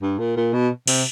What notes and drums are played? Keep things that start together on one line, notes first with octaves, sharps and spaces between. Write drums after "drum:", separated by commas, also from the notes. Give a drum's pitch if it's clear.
G2
A#2
A#2
B2
C3, drum: cymbal